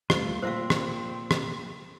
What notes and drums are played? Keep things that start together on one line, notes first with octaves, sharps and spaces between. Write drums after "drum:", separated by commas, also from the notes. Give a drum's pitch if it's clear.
D#1 A3 F4 B4, drum: rim click
A#2 C4 C5 E5 F5 E6
drum: rim click
drum: rim click